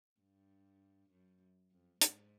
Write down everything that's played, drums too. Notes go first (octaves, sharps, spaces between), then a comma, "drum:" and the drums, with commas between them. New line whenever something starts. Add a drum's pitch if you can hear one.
G2
F#2
F2
G#2, drum: hi-hat